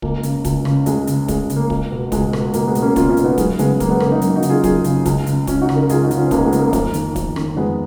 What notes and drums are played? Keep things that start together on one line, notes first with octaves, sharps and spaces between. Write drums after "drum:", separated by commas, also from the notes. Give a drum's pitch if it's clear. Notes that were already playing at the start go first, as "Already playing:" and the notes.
C#2 A#3, drum: kick
C#3, drum: hi-hat
C#2, drum: kick, hi-hat
C#3, drum: rim click
C#2 G#3, drum: hi-hat
C#3, drum: hi-hat
C#2 G#3, drum: kick, hi-hat
C#3, drum: hi-hat
A#3
C#2, drum: kick
B2
C#2 G#3, drum: kick, hi-hat
B2, drum: rim click
C#2 A#3, drum: hi-hat
G#3 B3
B2, drum: hi-hat
A#3 C#4
C#2 C#4 F4, drum: kick, hi-hat
C#4 F4
B2, drum: hi-hat
B3 D#4
F#2 G#3 B3, drum: kick, hi-hat
C#3 G#3 B3, drum: hi-hat
F#2 A#3, drum: kick, hi-hat
G#3 B3
C#3 A#3, drum: rim click
B3 D#4
F#2, drum: hi-hat
D#4 F#4
C#3, drum: hi-hat
F4 G#4
F#2 F4 G#4, drum: kick, hi-hat
C#3, drum: hi-hat
C#2, drum: kick, hi-hat
C#3, drum: hi-hat
C#2 C#4 F4, drum: kick, hi-hat
D#4 F#4
C#3, drum: rim click
F#4 A#4
C#2 F4 G#4, drum: hi-hat
D#4 F#4
C#3, drum: hi-hat
C#4 F4
B3
C#2 A#3 C#4, drum: kick, hi-hat
G#3 B3
C#3, drum: hi-hat
A#3
F2 A#3, drum: kick, hi-hat
D#3, drum: hi-hat
F2, drum: kick, hi-hat
D#3, drum: rim click
F2 G#3 B3